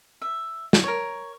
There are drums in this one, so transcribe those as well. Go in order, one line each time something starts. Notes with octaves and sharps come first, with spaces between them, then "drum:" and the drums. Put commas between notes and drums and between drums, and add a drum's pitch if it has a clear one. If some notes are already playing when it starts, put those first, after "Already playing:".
E5
drum: snare
A#4 C#5